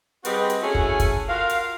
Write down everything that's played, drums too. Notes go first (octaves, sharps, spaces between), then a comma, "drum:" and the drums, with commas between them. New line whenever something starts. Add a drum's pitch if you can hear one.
G3 C4 F#4 G#4 B4 D#5, drum: hi-hat
drum: hi-hat
A3 C#4 E4 F#4 G#4 C#5
drum: kick
drum: kick, hi-hat
F4 F#4 A#4 F5
drum: hi-hat